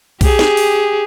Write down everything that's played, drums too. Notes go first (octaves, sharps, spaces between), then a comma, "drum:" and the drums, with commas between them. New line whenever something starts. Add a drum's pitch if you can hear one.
G4 G#4, drum: kick, open hi-hat
drum: snare
drum: open hi-hat